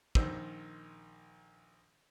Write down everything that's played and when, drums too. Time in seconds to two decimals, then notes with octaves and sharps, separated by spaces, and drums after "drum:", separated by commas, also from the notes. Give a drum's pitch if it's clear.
0.15 A#1 D#3 C5 E6, drum: kick